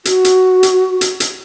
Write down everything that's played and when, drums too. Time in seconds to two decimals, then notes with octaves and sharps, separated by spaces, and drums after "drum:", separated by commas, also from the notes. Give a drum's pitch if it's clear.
0.05 F#4, drum: hi-hat
0.24 drum: hi-hat
0.63 drum: hi-hat
1.01 drum: hi-hat
1.20 drum: hi-hat